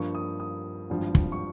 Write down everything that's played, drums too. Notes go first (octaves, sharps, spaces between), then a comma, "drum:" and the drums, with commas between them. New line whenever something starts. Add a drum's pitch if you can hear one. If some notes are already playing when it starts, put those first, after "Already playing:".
Already playing: G2 F3 A#3 C#6
D#6
D#6
G#1 G2 F3
drum: kick
C#6